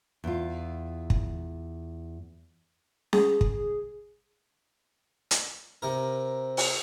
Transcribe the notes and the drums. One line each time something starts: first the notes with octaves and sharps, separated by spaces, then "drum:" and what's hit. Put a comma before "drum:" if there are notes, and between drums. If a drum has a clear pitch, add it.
E2 F4
drum: kick
G#4, drum: snare C#4
drum: kick
drum: hi-hat
C3 A#4
drum: open hi-hat